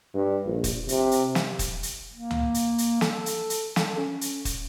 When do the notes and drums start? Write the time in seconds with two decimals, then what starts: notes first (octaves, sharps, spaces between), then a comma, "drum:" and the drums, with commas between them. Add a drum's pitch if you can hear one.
0.14 G2
0.46 A#1
0.64 drum: kick, hi-hat
0.89 C3, drum: hi-hat
1.11 drum: hi-hat
1.35 drum: snare
1.59 drum: kick, hi-hat
1.83 drum: hi-hat
2.13 A#3
2.31 drum: tom C#2
2.54 drum: hi-hat
2.78 drum: hi-hat
3.01 A4, drum: snare
3.26 drum: hi-hat
3.50 drum: hi-hat
3.76 A4, drum: snare
3.97 C#4
4.21 drum: hi-hat
4.45 drum: kick, hi-hat